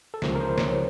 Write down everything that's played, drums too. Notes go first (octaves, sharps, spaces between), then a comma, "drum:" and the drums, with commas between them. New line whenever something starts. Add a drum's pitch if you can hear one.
A4
C#2 C#3 F3 A#4, drum: snare
A#4
C5
C#5, drum: snare